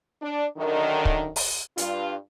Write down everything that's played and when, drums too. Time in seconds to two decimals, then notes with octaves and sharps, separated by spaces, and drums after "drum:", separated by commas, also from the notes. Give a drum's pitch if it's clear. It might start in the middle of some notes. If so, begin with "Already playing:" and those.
0.22 D4
0.58 F#2 D3 D#3
1.05 drum: kick
1.36 drum: open hi-hat
1.78 G2 F4, drum: hi-hat